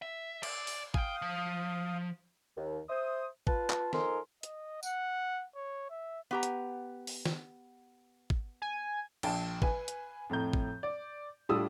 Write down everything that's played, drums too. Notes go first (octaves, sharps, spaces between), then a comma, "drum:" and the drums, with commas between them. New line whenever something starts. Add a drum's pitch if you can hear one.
E5
D5, drum: cymbal
drum: open hi-hat
F5 G5 G#5 D#6, drum: kick
F3
D#2
C5 E5 D#6
F4 B4 A5, drum: kick
drum: clap
F3 D#4 A4 A#4 G#5 C6, drum: snare
D#5, drum: hi-hat
F#5, drum: tambourine
C#5
E5
B3 G4 A#5
drum: hi-hat
drum: open hi-hat
drum: snare
drum: kick
G#5
A#1 G5 A5, drum: cymbal
B4 G#5, drum: kick
drum: hi-hat
F2 A2 A#5 G6
drum: kick
D5
A2 G3 D4 F4 D#6 E6